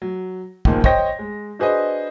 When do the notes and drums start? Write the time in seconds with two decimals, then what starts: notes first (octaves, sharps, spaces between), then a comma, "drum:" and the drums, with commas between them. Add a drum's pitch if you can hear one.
0.02 F#3
0.65 C#2 A#2 D#3 F3, drum: kick
0.84 C5 C#5 D#5 G5 A#6, drum: kick
1.19 G#3
1.59 D4 F#4 G#4 B4 C5 D#5